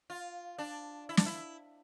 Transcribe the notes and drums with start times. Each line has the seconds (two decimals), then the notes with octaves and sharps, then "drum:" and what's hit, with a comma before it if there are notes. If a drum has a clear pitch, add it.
0.10 F4
0.58 D4
1.09 E4
1.17 D4, drum: snare
1.26 E4